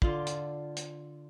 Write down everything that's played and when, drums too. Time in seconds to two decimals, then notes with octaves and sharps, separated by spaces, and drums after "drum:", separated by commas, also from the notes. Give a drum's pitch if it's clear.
0.02 D3 F4 D5, drum: kick
0.27 drum: hi-hat
0.77 drum: hi-hat